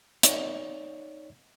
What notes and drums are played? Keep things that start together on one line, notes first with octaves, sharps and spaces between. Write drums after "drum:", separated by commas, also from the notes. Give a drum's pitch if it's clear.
D#4 C#5 D5, drum: hi-hat